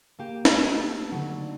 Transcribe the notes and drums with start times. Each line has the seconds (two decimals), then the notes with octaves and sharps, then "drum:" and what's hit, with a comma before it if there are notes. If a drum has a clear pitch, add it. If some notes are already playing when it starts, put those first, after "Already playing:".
0.19 A#3 G4
0.45 drum: snare
0.64 A3 C4 D#4 A4
1.11 D3 F#3